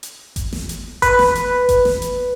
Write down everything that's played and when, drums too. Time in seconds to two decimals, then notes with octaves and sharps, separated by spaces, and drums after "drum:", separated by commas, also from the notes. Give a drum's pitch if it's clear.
0.03 drum: hi-hat
0.36 drum: kick G1, hi-hat
0.53 drum: snare
0.69 drum: hi-hat
1.02 B4, drum: kick G1, hi-hat
1.19 drum: snare
1.35 drum: hi-hat
1.69 drum: kick G1, hi-hat
1.85 drum: snare
2.02 drum: hi-hat